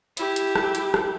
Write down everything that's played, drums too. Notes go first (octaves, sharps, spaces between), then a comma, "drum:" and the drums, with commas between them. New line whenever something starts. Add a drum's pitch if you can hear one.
E4 G4, drum: hi-hat
drum: hi-hat
drum: rim click
drum: hi-hat
drum: rim click